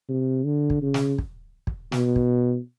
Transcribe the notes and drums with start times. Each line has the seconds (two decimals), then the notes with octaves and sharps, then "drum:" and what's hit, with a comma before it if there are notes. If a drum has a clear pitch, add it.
0.09 C3
0.45 D3
0.70 drum: kick
0.82 C#3
0.94 drum: snare
1.18 drum: kick
1.67 drum: kick
1.92 B2, drum: snare
2.16 drum: kick